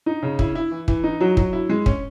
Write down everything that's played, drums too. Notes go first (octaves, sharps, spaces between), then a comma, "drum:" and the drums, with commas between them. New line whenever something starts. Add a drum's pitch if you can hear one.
D#4
C#3
E4, drum: kick
E4
E3
E3, drum: kick
D#4
F#3
F#3, drum: kick
E4
G#3
C#4, drum: kick